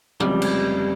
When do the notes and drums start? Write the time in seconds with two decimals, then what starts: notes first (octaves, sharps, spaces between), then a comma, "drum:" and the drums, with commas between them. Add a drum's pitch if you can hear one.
0.20 F1 F2 C#3 G3 G#3, drum: tom
0.42 drum: cymbal